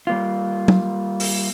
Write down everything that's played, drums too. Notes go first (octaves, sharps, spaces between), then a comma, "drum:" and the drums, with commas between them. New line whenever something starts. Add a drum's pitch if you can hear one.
G3 A#3 F4
drum: tom
drum: open hi-hat